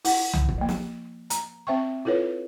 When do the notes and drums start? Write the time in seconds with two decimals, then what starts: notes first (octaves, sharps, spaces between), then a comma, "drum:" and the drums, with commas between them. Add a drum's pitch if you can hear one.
0.05 E4 F#5, drum: open hi-hat
0.33 drum: tom C2
0.49 drum: kick
0.58 F3 A#3
0.69 drum: snare
1.30 A#5, drum: hi-hat
1.67 C4 C5 E5 G5 C#6
2.05 E4 F4 A4 B4 C#5